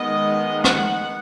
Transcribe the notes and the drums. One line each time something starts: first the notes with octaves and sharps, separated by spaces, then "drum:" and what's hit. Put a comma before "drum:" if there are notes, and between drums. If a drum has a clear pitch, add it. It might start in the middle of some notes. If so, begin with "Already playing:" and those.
Already playing: D#3 G#3 B3 D#5
F#5, drum: rim click